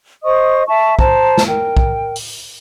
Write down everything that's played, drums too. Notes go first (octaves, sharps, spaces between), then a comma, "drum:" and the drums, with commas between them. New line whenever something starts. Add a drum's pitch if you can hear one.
C5 D#5 C#6 D#6
E5 A5 C#6
C5 A5 A#5, drum: kick
drum: snare
A#4 G5
drum: kick
drum: open hi-hat